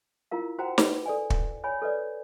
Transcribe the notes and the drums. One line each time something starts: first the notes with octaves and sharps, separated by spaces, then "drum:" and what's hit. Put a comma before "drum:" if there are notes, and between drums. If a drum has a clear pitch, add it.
E4 F4 A#4 F5
F#4 C5 F#5 G5 A#5
B4, drum: snare
A4 D5 G#5
drum: kick
C#5 G#5 B5
A4 B4 C#5 D5